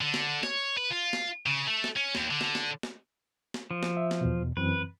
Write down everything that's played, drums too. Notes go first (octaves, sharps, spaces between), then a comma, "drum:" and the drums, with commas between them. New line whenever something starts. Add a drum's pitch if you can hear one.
D3
drum: snare
C#5, drum: snare
B4
F4
drum: snare
C#3
A3
drum: snare
C#4
D#2, drum: snare
D3
drum: snare
drum: snare
drum: snare
drum: snare
F3
drum: snare
E5
drum: snare
E2 B2
F#2 E3 C4 B4